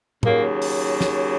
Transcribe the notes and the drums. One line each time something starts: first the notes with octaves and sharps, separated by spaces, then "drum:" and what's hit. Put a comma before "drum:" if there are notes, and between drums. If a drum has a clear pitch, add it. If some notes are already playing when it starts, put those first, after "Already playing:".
D#2 C#3 F#3 A#3, drum: tom
drum: open hi-hat
drum: snare